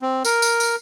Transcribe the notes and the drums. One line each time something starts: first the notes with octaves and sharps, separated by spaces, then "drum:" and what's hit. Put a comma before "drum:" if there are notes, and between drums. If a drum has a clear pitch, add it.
C4
A#4, drum: tambourine
drum: tambourine
drum: tambourine